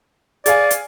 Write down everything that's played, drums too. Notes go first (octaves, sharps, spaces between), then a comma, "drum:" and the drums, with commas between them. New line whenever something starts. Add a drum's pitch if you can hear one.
G#4 D5 F5 G#5, drum: hi-hat
drum: hi-hat